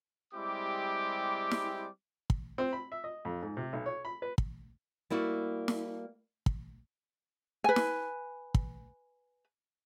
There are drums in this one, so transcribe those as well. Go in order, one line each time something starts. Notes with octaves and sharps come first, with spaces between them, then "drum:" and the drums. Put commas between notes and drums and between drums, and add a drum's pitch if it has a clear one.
G3 G#3 C4 E4 G4 D6
drum: snare
drum: kick
C4
B5
E5
D#5
F2
G#2
C3
B1
C#5
B5
B4
drum: kick
G3 A#3 E4 F#4
drum: snare
drum: kick
B4 G#5
drum: snare
drum: kick